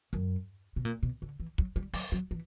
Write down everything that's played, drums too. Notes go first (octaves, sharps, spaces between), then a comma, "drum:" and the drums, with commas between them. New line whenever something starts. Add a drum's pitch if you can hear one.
F#2
B2
A#2
B2
D3
E3
F#3, drum: kick
G3
F#3, drum: open hi-hat
F#3
E3